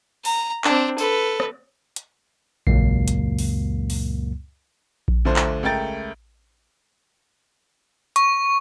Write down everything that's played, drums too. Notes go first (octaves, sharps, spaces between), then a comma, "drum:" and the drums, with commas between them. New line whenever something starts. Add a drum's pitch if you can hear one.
A#5, drum: open hi-hat
C4 D4, drum: clap
A4 B4, drum: tambourine
drum: rim click
drum: hi-hat
C#2 F#2 A#2 F#3 A#3 C7, drum: kick A#1
drum: hi-hat
drum: open hi-hat
drum: open hi-hat
drum: kick A#1
D2 D3 F3 A3 D4 C5
drum: clap
C#2 A3 A#4 G5 A6
C#6, drum: hi-hat